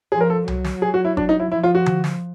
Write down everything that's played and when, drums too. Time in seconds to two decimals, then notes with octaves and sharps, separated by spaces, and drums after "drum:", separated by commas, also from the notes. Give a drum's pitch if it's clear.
0.12 F3 G#4
0.21 A#4
0.30 A4
0.48 F#3, drum: tom C2
0.64 drum: snare
0.82 G#4
0.94 F#4
1.05 E4
1.17 D4, drum: kick G1
1.29 D#4
1.40 E4
1.52 F3 E4
1.63 F4
1.75 F#4
1.86 drum: tom D3
2.04 drum: snare